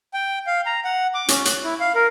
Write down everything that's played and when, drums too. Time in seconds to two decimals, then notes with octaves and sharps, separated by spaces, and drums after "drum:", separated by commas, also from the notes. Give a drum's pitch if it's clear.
0.13 G5
0.47 F5
0.66 A#5
0.85 F#5
1.14 D6
1.28 C#4, drum: hi-hat
1.45 F#6, drum: hi-hat
1.64 E4
1.80 F5
1.95 A#4